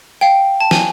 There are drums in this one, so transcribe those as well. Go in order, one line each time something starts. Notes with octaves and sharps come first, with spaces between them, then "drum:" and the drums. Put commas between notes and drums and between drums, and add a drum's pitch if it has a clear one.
F5 G5
A5
G#5, drum: snare